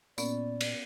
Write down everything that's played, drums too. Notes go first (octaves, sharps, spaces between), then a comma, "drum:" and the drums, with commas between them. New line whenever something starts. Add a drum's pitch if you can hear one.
A#2 B3 C#4 D5, drum: tambourine
drum: cymbal